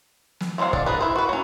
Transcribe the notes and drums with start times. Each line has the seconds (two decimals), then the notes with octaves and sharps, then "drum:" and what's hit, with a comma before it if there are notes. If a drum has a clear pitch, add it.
0.40 drum: snare
0.58 F3 F#3 G#3 C4 F5
0.73 D4, drum: kick
0.86 G#4 A#4 B4
1.01 E4 C5
1.16 F#4 B4
1.29 F#3 C#4